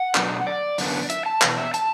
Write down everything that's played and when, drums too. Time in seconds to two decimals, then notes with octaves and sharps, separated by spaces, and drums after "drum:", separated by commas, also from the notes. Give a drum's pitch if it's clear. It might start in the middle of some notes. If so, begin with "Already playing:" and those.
Already playing: F#5
0.15 B2 F#3 B3 D4, drum: clap
0.47 D5
0.78 F#2 D3 B3 D4, drum: open hi-hat
1.10 E5, drum: hi-hat
1.26 A5
1.42 E2 B2, drum: clap
1.58 E5
1.74 A5, drum: hi-hat